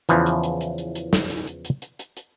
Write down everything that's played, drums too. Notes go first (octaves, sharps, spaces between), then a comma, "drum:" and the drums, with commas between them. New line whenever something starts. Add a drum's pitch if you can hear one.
E2 C#3 E3 F3, drum: hi-hat
drum: hi-hat
drum: hi-hat
drum: hi-hat
drum: hi-hat
drum: hi-hat
drum: snare
drum: hi-hat
drum: hi-hat
drum: hi-hat
drum: hi-hat
drum: hi-hat
drum: hi-hat